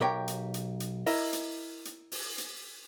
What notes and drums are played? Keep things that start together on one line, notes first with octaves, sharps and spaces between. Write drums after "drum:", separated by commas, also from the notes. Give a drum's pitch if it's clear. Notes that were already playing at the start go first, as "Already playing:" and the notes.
B1 G4 A#4 C#5 G5
drum: hi-hat
drum: hi-hat
drum: hi-hat
E4 A#4 D#5, drum: open hi-hat
drum: hi-hat
drum: hi-hat
drum: open hi-hat
drum: hi-hat